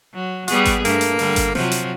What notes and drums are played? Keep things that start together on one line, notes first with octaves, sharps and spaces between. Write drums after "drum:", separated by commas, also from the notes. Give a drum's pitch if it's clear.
F#3
G3 B3 F#4 G#4, drum: hi-hat
drum: kick G#1, hi-hat
G2 A3 A#3, drum: hi-hat
drum: hi-hat
D3 G3, drum: open hi-hat
drum: kick G#1, hi-hat
C3 F3 F#3 F4, drum: snare
drum: hi-hat